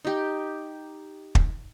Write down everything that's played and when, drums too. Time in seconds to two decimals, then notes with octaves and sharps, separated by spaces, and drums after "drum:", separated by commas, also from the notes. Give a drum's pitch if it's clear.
0.05 D#4 G4
1.35 drum: kick